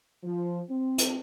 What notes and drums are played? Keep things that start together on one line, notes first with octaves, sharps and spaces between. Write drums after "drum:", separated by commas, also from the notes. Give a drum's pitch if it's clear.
F3
C4
drum: hi-hat